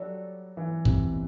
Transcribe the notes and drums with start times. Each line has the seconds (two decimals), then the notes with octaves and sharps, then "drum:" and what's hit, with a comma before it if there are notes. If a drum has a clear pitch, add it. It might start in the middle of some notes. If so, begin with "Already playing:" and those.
Already playing: F#3 G3 D4 F#4 A4
0.57 E3
0.85 C3, drum: kick
1.12 B2